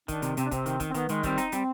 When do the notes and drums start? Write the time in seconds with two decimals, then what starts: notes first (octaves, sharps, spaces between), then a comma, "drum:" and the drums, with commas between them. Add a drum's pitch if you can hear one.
0.08 D#3 D4, drum: kick, hi-hat
0.22 C3, drum: hi-hat
0.37 C3 C4, drum: hi-hat
0.44 D4
0.51 C3 C4, drum: kick, hi-hat
0.66 D#3, drum: hi-hat
0.80 D#3, drum: kick, hi-hat
0.90 C4
0.94 D#3 B3, drum: hi-hat
1.09 D#3 G#3, drum: hi-hat
1.23 G3 C4, drum: kick, hi-hat
1.38 D#4, drum: hi-hat
1.52 G3 C4, drum: hi-hat